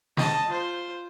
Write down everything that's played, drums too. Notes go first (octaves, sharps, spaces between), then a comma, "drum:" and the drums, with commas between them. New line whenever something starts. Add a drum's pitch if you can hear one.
D#5 A5, drum: snare
F4 C5